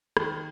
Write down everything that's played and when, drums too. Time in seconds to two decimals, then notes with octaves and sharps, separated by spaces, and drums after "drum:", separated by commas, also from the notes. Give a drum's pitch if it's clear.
0.17 D#3, drum: rim click